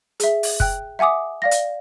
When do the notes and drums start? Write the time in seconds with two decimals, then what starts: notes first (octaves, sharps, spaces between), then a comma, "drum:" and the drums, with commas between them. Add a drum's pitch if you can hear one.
0.20 G#4 E5, drum: hi-hat
0.43 drum: open hi-hat
0.60 G5 F#6, drum: kick
0.99 E5 F#5 G#5 D6 D#6
1.42 D5 F5 A#6
1.51 drum: hi-hat